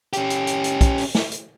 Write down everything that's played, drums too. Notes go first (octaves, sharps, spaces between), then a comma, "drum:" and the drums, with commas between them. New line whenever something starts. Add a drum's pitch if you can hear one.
C#4 G4, drum: hi-hat
drum: hi-hat
drum: hi-hat
drum: hi-hat
drum: kick, hi-hat
drum: open hi-hat
drum: snare
drum: hi-hat